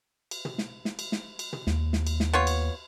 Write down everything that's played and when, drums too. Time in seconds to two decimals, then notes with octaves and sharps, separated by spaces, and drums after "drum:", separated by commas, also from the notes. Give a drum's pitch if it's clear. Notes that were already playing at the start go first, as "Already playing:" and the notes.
0.31 drum: cymbal
0.45 drum: tom
0.58 drum: snare
0.85 drum: snare
0.99 drum: cymbal
1.12 drum: snare
1.39 drum: cymbal
1.53 drum: tom
1.67 D#2, drum: snare
1.93 drum: snare
2.07 drum: cymbal
2.20 drum: snare
2.33 B3 F4 C#5
2.47 drum: cymbal